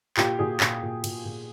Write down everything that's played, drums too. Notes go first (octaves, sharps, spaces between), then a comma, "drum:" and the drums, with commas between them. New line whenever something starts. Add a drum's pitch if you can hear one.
A#2 F4 G4, drum: clap
A#2 F#4 G#4
A#2, drum: clap
A#2
A#2, drum: cymbal
A#2